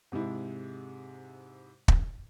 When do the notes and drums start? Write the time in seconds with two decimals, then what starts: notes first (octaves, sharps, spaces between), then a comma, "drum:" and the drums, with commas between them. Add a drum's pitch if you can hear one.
0.12 G#2 C3 G#3 E4
1.88 drum: kick